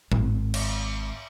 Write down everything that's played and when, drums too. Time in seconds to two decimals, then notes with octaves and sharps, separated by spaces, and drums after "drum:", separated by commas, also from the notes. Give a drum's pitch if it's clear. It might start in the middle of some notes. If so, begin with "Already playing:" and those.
0.12 G#1, drum: tom A2
0.54 drum: cymbal